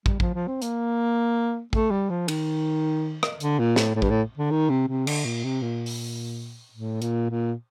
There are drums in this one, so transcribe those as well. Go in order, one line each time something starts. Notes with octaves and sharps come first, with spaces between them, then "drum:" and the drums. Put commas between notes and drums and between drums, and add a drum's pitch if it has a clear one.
G3, drum: kick
F3, drum: kick
F3
C4
A#3, drum: hi-hat
A3, drum: kick
G3
F3
D#3, drum: cymbal
drum: rim click
D3, drum: hi-hat
A#2
A2, drum: snare
A2
G2, drum: kick
A2
D3
D#3
C3
C3
D3, drum: cymbal
A#2
C3
A#2
drum: open hi-hat
A2
A#2, drum: hi-hat
A#2